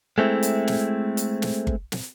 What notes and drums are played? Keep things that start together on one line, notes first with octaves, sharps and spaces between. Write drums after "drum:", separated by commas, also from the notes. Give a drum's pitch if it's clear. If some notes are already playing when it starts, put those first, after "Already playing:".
G#3 A3 C4 E4
drum: hi-hat
drum: snare
drum: hi-hat
drum: snare
drum: kick G1
drum: snare